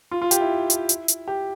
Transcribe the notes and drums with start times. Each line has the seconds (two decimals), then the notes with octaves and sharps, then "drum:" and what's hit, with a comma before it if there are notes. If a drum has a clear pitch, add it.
0.11 F4
0.22 F4
0.31 G4, drum: hi-hat
0.41 E4
0.70 drum: hi-hat
0.89 drum: hi-hat
1.08 drum: hi-hat
1.28 G4